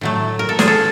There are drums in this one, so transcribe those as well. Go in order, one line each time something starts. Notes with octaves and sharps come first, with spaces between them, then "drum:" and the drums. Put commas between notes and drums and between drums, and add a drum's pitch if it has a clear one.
A2 F#3 A3
A#4
A4
G#4, drum: snare
A4